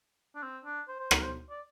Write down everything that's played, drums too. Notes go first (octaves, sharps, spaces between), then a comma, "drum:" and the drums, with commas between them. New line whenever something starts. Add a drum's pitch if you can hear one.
D4
C4
D4
C5
C5
A#4, drum: rim click
C5
D5